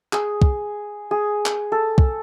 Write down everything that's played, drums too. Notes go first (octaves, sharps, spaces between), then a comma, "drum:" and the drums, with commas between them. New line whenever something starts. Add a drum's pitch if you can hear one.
G#4, drum: clap
drum: kick
G#4
drum: clap
A4
drum: kick